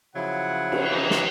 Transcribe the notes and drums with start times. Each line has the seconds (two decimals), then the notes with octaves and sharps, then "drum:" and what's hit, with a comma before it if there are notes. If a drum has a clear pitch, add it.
0.15 C#3 F3 F#3 E4 F#5
0.72 drum: cymbal
0.93 E3 D#4
1.10 drum: snare